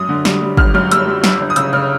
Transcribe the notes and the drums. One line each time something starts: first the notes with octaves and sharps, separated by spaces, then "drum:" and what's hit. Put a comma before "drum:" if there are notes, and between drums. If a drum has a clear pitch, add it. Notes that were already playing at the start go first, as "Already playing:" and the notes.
Already playing: F#2 D#6
D3
G3, drum: snare
G3
G1 F6, drum: kick
F#2 F6
G3 E6, drum: hi-hat
G3
G1, drum: snare
G1
D#6
C#3 E6, drum: hi-hat
C#3 F6